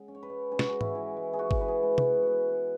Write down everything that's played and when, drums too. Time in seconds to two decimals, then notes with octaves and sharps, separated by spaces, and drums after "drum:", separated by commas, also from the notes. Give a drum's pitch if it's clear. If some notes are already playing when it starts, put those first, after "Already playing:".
Already playing: C#3 G#3 F#5
0.08 C#4
0.15 C#5
0.23 B4
0.30 G#3
0.52 C#4 G#4
0.59 F#4, drum: snare
0.69 G#3 G#4
0.81 E4, drum: tom G#2
0.95 E3
1.17 G#3
1.33 G#4
1.38 E3 F#4
1.51 drum: kick
1.61 E3 B4
1.68 G#4
1.83 G#3
1.98 F#4, drum: tom
2.05 E3
2.23 B3 E4 F#4
2.49 B3